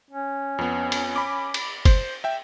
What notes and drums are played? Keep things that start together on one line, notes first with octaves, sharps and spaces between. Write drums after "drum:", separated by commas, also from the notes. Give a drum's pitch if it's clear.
C#4
F2 B3
drum: cymbal
B5 D6
drum: cymbal
C5, drum: kick, cymbal
E5 G5